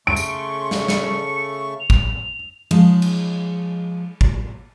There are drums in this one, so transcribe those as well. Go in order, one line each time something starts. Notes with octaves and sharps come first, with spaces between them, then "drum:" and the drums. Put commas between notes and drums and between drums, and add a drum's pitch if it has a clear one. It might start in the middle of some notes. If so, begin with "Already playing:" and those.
C#3 A3 C6 C#6 D7
drum: tambourine
drum: snare
C#7, drum: snare
F7
drum: kick
F3 G#3 D#4 G#4 C#5, drum: cymbal
drum: cymbal
drum: kick